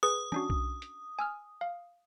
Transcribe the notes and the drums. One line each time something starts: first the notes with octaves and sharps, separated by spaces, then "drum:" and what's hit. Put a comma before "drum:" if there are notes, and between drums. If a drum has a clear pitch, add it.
G#4 B4 D#6
C#4 D4 F#4, drum: tom
drum: kick B1
drum: hi-hat
G#5 E6 F6
F5